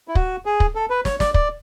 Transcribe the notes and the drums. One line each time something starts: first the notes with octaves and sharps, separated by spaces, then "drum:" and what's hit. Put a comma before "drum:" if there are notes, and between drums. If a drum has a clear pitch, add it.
E4
F#4, drum: kick
G#4
drum: kick
A4
B4
C#5, drum: snare
D5, drum: snare
D5, drum: kick